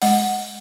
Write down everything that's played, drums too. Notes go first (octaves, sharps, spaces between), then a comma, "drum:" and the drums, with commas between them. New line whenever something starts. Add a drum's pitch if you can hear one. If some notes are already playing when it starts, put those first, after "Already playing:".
G#3 F#5, drum: open hi-hat